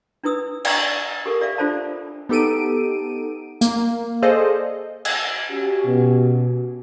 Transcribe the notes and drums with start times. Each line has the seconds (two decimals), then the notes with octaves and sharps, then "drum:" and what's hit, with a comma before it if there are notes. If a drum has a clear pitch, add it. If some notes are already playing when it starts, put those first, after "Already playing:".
0.24 D4 E4 B4 D#6 E6
0.65 D5 G5 A#5 C#6, drum: cymbal
1.26 G4 A4 A#4
1.41 G4 D5 E5 F5
1.58 D4 F4 A4 C5 D5 A5
2.29 B3 D#4 G4 A4 D7 D#7
3.61 A#3, drum: hi-hat
4.22 G#4 A4 C5 D5 D#5 F5
5.05 drum: cymbal
5.50 C#4 F#4 G4
5.87 B2